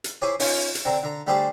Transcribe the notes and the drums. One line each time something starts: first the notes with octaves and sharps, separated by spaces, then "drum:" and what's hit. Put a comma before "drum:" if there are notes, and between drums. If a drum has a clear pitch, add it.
drum: hi-hat
E4 G#4 C5 C#5 G#5 D6
C#4 D#4 F4, drum: open hi-hat
drum: hi-hat
D3 C4 A#5
D3 A#5
D3 G3 A3 G4 G#4 C5